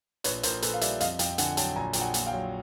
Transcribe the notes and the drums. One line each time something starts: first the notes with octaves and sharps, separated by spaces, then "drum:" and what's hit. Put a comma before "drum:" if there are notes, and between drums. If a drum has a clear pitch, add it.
A#1 B4 C#5, drum: hi-hat
A#1 A#4 C5, drum: hi-hat
A#2 A4 B4, drum: hi-hat
F5
G3 D5 E5, drum: hi-hat
F2 D#5 F5, drum: hi-hat
F2 F5 G5, drum: hi-hat
D3 F#5 G#5, drum: hi-hat
F#3 G5 A5, drum: hi-hat
A#1 G#5 A#5
A#1 G5, drum: hi-hat
F#5 G#5
A#2, drum: hi-hat
F5 G5
F#3